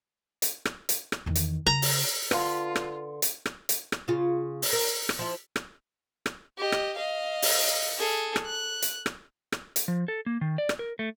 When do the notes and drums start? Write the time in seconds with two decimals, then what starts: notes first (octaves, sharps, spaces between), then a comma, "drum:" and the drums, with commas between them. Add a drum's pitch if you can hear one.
0.42 drum: hi-hat
0.65 drum: rim click
0.89 drum: hi-hat
1.12 drum: rim click
1.26 E2 D#3
1.35 drum: hi-hat
1.67 C#3 A#5
1.82 drum: open hi-hat
2.31 D3 F4 B4 F5 C6, drum: rim click
2.76 drum: rim click
3.22 drum: hi-hat
3.46 drum: rim click
3.69 drum: hi-hat
3.92 drum: rim click
4.08 C#3 F4
4.62 drum: open hi-hat
4.73 A#4
5.09 drum: rim click
5.19 F3 E4
5.56 drum: rim click
6.26 drum: rim click
6.58 G4 D#5
6.72 drum: rim click
6.96 D#5 F5
7.42 drum: open hi-hat
7.98 G#4 A4
8.36 drum: rim click
8.46 F#6
8.82 drum: hi-hat
9.06 drum: rim click
9.52 drum: rim click
9.76 drum: hi-hat
9.88 F3
10.08 A4
10.26 A#3
10.41 D#3
10.58 D5
10.69 drum: rim click
10.79 A#4
10.99 A3